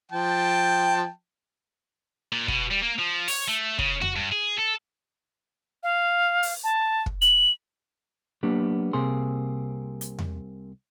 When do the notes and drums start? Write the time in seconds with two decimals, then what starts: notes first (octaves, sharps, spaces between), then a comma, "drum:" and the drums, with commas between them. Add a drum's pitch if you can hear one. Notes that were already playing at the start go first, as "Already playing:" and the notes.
0.12 F3 G5 A5
2.32 A#2
2.48 B2, drum: kick
2.71 G3
2.83 A#3
2.99 F3
3.28 C#5, drum: open hi-hat
3.48 A3
3.78 C#3, drum: kick
4.02 F#4, drum: tom E2
4.16 G2
4.32 G#4
4.58 A4
5.83 F5
6.43 drum: open hi-hat
6.64 A5
7.06 drum: kick
7.22 F#7, drum: hi-hat
8.43 F#3 A#3 B3 D4 G4
8.93 C2 C3 A#3 C4 G#4 C6
10.01 drum: hi-hat
10.19 drum: tom E2